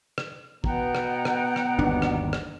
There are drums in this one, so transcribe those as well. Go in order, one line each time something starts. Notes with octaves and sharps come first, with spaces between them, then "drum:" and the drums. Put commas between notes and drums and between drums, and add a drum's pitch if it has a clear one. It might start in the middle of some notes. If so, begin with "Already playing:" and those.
drum: rim click
B2 B3 F#5 G5 A#5, drum: kick
drum: rim click
drum: rim click
drum: rim click
G1 D#2 D4
drum: rim click
drum: rim click